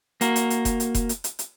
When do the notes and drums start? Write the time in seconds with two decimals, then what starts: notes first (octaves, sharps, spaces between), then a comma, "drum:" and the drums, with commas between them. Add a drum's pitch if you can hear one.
0.21 A#3 F#4 A#4, drum: hi-hat
0.36 drum: hi-hat
0.50 drum: hi-hat
0.65 drum: kick F1, hi-hat
0.80 drum: hi-hat
0.95 drum: kick F1, hi-hat
1.09 drum: hi-hat
1.24 drum: hi-hat
1.39 drum: hi-hat